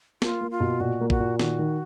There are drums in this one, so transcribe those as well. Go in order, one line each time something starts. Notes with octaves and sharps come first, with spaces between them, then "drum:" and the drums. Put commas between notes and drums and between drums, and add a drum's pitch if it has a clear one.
A#3 F4, drum: snare
A#3
F4
B2
A#2 F#4
A#3
F#4, drum: kick
A#2
D#3 F#4, drum: snare
D#3